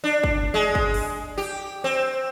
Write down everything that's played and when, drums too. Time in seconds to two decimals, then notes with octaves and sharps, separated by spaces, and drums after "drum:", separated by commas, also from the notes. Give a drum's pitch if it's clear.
0.04 D4
0.24 drum: kick
0.54 G#3
0.75 drum: kick
0.94 drum: open hi-hat
1.38 G4
1.84 C4